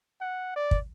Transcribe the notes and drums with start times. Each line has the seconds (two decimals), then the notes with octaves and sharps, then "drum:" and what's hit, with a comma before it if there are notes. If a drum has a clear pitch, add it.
0.21 F#5
0.56 D5
0.71 drum: kick